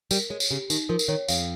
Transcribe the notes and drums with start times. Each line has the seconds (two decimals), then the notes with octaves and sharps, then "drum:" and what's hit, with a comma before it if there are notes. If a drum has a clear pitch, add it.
0.11 G3 A#4, drum: tambourine
0.30 G#3 C#5
0.40 drum: tambourine
0.50 C#3 G4
0.70 D#3 D#4, drum: tambourine
0.89 F3 A#4
0.99 drum: tambourine
1.08 D#3 C#5
1.28 F2 F5, drum: tambourine